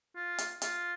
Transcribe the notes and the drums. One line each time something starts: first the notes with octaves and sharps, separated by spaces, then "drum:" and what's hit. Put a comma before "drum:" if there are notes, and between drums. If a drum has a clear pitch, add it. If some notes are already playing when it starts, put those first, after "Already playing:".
F4
drum: hi-hat
F4, drum: hi-hat